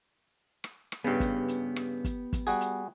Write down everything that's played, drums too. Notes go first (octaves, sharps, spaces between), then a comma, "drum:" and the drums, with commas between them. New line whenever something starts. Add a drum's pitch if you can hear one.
drum: rim click
drum: rim click
G2 C#3 B3 G4
drum: kick, hi-hat
drum: hi-hat
drum: rim click
drum: kick, hi-hat
drum: kick, hi-hat
G3 F#4 G#4
drum: hi-hat